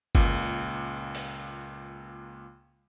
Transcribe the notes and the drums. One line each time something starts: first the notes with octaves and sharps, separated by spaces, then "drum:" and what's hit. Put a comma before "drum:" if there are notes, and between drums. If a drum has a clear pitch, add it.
C#2 A#2, drum: kick G1
drum: open hi-hat